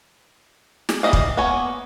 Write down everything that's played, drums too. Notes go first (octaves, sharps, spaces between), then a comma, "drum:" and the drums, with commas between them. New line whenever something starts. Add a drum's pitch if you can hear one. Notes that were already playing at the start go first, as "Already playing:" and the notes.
drum: snare
E3 G3 D5 D#5 F5
drum: kick
A#3 B3 C#5 G#5